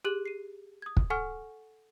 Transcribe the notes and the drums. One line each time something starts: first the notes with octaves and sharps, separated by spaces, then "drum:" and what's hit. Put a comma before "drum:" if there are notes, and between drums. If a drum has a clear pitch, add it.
G4 G#4 F#6 F#7
C7 D#7
D#6 G#6
drum: kick
A4 F#5 G#5 C#6 F6